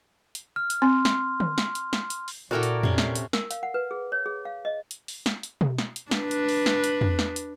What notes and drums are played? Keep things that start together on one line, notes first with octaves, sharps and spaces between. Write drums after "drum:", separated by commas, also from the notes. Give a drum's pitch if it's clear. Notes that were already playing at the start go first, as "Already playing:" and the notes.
drum: hi-hat
F6
drum: hi-hat
C4 C6
drum: snare
drum: tom
drum: snare
drum: hi-hat
drum: snare
drum: hi-hat
drum: open hi-hat
A#2 E4 F#4 A4 A#4 D5 G5
drum: hi-hat
C3 C#4, drum: tom
drum: snare
drum: hi-hat
A#4, drum: snare
F5, drum: hi-hat
F#5
B4
G#4
C#5
G#4
F5
D#5
drum: hi-hat
drum: open hi-hat
drum: snare
drum: hi-hat
drum: tom B2
drum: snare
drum: hi-hat
D4 B4, drum: snare
drum: hi-hat
drum: open hi-hat
drum: snare
drum: hi-hat
drum: tom
drum: snare
drum: hi-hat